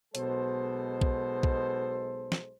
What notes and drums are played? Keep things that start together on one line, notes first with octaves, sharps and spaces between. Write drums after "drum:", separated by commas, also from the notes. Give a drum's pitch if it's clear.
B1 B2 G#3 A4 C5, drum: hi-hat
drum: kick B1
drum: kick B1
drum: snare